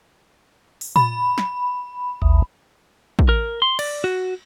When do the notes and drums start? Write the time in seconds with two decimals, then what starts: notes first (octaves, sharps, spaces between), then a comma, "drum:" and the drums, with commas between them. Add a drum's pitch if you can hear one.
0.81 drum: open hi-hat
0.96 B5, drum: tom A#2
1.38 drum: snare
2.22 A1 D#2
3.19 drum: kick
3.29 A#4
3.62 C6
3.79 D5, drum: cymbal
4.04 F#4